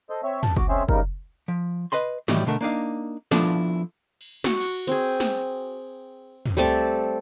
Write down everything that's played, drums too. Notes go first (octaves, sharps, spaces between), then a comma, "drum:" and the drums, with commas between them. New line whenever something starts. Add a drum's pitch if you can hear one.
A4 C5 D#5
C4 C#5 E5
A5, drum: tom
F#4 D6, drum: kick
G#3 C4 C#4 G#4 C5 E5
C#3 G3 D#4 A#4, drum: kick
F3
B4 D#5 B5 C6
A2 D#3 E3 F#3 G3, drum: snare
B2 D3 A3 A#4
A#3 D4 D#4 F5
F3 B3 D4 E4 F4 A4, drum: snare
drum: cymbal
F#4, drum: snare
drum: cymbal
C4 G#4
drum: snare
drum: tom
G3 A3 C4 A5